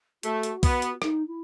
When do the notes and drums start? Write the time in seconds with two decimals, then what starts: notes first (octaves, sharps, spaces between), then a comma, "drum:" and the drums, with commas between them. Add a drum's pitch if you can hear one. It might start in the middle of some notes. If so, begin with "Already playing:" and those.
0.23 A3 F#4, drum: hi-hat
0.43 drum: hi-hat
0.63 B3, drum: kick, open hi-hat
0.82 drum: hi-hat
1.02 D#4, drum: rim click
1.27 E4